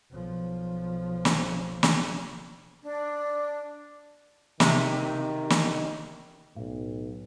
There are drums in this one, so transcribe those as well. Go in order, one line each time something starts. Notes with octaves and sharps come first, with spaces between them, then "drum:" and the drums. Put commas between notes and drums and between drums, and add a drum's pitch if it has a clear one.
B1 F3
drum: snare
drum: snare
D4
C3 D#3, drum: snare
drum: snare
B1 A2